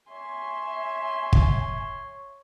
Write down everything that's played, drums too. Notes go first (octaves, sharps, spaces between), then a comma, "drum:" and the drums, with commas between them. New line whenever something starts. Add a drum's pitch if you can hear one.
C#5 E5 G#5 C6
drum: kick